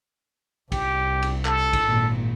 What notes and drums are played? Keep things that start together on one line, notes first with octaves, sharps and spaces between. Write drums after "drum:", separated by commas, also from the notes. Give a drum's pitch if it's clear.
C2 G4, drum: kick, cymbal
drum: cymbal
A4, drum: clap
drum: kick, cymbal
G#1 A#2